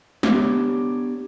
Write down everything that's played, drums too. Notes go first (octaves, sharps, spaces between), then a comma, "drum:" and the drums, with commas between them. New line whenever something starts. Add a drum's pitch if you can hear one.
B3 D4 G4 C#5, drum: snare